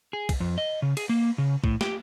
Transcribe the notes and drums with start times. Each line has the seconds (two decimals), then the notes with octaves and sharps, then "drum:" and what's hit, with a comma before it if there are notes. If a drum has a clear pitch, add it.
0.13 G#4
0.29 drum: kick, cymbal
0.40 F2
0.58 D#5
0.82 C#3
0.97 G#4, drum: cymbal
1.09 A#3
1.38 C#3
1.64 A2, drum: kick
1.81 G4, drum: snare